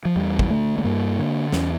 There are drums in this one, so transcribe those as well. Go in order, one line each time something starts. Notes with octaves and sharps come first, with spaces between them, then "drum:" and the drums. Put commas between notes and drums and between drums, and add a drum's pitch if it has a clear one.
F3
E2 G3
drum: kick
D3 A3
A3
G2 A#3
D3
E2 C#4, drum: snare